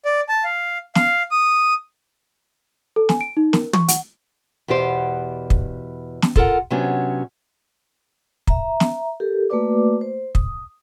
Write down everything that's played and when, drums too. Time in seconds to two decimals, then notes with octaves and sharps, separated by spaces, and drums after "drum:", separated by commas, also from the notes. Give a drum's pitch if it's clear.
0.05 D5
0.29 A5
0.44 F5
0.95 F5, drum: snare
1.31 D#6
2.96 A4
3.09 G#5, drum: snare
3.21 D7
3.37 D#4
3.53 A#4, drum: snare
3.73 C#6, drum: tom
3.88 F#5, drum: hi-hat
4.68 E2 B2 B3 G4 C5
5.50 drum: kick
6.22 drum: snare
6.36 F4 A4 A#4 F#5, drum: kick
6.70 C3 F#3 B3 C#4 D4
8.47 E5 A#5, drum: kick
8.80 drum: snare
9.20 G4 A4 A#4
9.50 A3 A#3 F#4 B4 D5 D6
10.01 C5
10.35 D#6, drum: kick